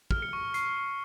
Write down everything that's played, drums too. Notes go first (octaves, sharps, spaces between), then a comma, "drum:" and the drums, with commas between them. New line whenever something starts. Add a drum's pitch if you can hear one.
F6, drum: kick
C#7
C#6
C#6 C7, drum: hi-hat
C#6